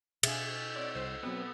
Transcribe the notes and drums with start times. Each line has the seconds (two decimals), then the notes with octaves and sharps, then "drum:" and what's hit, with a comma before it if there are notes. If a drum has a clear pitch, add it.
0.23 B2 D4 G#4 E5 F5 G#5, drum: cymbal
0.55 G6
0.76 C4 C#5 D5
0.95 C2 C5
1.23 B2 F#3 B3 C4